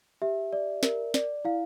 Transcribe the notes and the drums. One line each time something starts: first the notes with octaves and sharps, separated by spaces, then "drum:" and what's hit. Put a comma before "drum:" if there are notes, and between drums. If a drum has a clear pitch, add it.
G4 E5
D5
A#4, drum: snare
D5, drum: snare
E4 F5